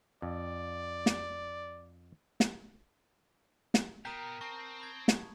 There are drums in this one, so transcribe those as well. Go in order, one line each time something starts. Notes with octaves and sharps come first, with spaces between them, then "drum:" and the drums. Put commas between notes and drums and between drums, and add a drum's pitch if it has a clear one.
F2 D5
drum: snare
drum: snare
drum: snare
B2 A#4 G5 A#5 D#6
C4 A5 C#6
B5 G#6
drum: snare